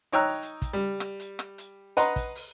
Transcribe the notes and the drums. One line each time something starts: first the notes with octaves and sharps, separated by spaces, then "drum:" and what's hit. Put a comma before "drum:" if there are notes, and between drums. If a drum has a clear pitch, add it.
D#4 C#5 G5 A#5 E6 F#6
drum: hi-hat
drum: kick, hi-hat
G3
drum: rim click
drum: hi-hat
drum: rim click
drum: hi-hat
B4 D#5 F#5 A#5 C6, drum: hi-hat
drum: kick, hi-hat
drum: open hi-hat